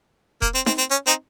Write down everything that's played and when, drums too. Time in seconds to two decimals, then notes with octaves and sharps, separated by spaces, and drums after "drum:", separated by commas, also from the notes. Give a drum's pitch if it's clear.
0.42 A#3, drum: kick E1
0.55 C4
0.66 C4, drum: snare D#4
0.78 C4
0.91 C#4
1.07 C4 D#4